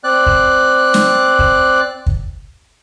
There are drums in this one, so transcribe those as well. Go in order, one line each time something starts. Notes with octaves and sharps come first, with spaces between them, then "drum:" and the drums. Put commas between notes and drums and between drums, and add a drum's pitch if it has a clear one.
C4 D5 F#6
drum: kick
drum: snare
drum: kick
drum: kick